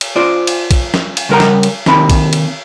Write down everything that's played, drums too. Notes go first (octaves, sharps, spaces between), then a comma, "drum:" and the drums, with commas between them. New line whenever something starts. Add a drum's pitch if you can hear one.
drum: cymbal
F4 C5 D5
drum: cymbal
drum: kick, cymbal
drum: snare
drum: cymbal
C#3 G3 A#4 F#5 A#5
drum: snare
drum: cymbal
D#2 C3 D#3 B5, drum: snare
drum: kick, cymbal
drum: cymbal